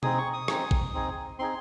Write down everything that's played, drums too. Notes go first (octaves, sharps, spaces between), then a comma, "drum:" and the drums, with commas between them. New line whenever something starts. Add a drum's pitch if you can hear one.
C4 D#4 G#4 D#6, drum: tom B2
C#6
D#6
C4 D#4 G#4, drum: rim click
drum: kick A1
C4 D#4 G#4
C4 D#4 G#4 C6